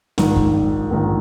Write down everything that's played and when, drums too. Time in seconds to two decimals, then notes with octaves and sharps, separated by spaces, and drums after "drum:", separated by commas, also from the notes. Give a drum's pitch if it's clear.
0.18 A#1 G#2 D#3, drum: snare
0.36 drum: kick
0.91 A#1 G#2 D#3